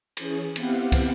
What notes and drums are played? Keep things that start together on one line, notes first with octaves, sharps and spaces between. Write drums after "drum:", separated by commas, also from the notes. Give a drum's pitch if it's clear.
E3 C#4 G#4, drum: cymbal
B3 C4 E4 G4 F5 F#5, drum: cymbal
drum: kick, cymbal